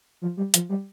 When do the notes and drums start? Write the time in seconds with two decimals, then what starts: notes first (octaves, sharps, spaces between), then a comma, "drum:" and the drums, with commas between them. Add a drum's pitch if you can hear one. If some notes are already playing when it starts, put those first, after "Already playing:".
0.22 F3
0.37 G3
0.54 F3, drum: hi-hat
0.69 G3